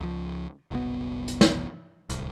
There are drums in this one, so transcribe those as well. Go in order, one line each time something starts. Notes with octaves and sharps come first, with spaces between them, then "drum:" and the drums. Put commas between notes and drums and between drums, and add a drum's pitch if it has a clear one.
C#2 F3
F#1 C2 B2 B3
drum: hi-hat
drum: snare
D1 C2, drum: hi-hat